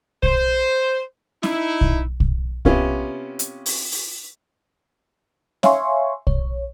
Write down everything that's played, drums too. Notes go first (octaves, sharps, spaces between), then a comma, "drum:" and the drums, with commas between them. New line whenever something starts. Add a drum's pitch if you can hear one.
C5, drum: kick
D#4 E4, drum: snare
drum: kick
drum: kick
C3 B3 C#4 F4, drum: kick
drum: hi-hat
drum: open hi-hat
drum: open hi-hat
C#5 E5 F5 G#5 C6 C#6, drum: snare
C#5, drum: kick